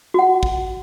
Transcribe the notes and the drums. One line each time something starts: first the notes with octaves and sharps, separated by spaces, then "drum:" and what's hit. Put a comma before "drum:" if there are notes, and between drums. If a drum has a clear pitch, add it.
F#4 F#5
drum: kick